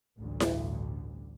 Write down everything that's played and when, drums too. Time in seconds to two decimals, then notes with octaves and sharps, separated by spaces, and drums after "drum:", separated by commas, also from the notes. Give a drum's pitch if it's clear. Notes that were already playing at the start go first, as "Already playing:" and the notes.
0.18 A1 D2 G2 B2
0.40 drum: snare E4